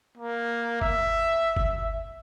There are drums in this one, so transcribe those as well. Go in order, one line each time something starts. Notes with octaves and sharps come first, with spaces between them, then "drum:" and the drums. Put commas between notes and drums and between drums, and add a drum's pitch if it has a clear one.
A#3
E5, drum: kick G1
drum: kick G1